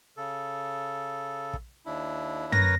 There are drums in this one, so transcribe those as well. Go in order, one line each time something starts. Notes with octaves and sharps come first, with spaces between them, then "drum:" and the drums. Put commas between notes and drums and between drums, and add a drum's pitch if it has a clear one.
C#3 A4
drum: kick
D#2 D4 E4
A#4 B4 C#5 A#6, drum: tom